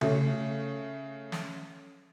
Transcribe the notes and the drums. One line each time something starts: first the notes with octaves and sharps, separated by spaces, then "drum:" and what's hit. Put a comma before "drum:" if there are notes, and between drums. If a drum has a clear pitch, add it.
C#3 A3, drum: tom C#3
drum: snare